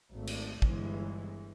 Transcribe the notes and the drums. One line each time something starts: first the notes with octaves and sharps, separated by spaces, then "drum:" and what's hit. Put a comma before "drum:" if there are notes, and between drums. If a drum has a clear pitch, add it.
G#1 A3
drum: cymbal
G1 E3 G#3, drum: kick